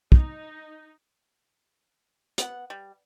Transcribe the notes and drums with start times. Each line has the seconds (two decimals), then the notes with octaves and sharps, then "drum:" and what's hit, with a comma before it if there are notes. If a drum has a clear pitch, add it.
0.12 D#4, drum: kick
2.38 B3 F#5, drum: hi-hat
2.70 G3